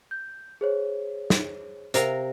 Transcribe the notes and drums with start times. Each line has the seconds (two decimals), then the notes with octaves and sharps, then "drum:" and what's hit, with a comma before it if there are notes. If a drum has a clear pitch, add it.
0.11 G6
0.61 G#4 C5 C#5
1.30 drum: snare
1.94 C3 A#4 F5, drum: hi-hat